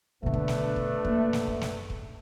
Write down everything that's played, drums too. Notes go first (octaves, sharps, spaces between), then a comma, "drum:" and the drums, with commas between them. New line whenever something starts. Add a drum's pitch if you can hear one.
B2 D3 A3 B3 D4
drum: kick
drum: snare
drum: kick
F#2 A#3, drum: kick
drum: snare
drum: kick
drum: snare
drum: kick